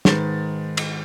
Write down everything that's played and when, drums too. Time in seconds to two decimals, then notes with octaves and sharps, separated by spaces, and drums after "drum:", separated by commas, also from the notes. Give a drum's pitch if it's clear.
0.05 G#2 D#3 B4 A6, drum: snare
0.77 drum: cymbal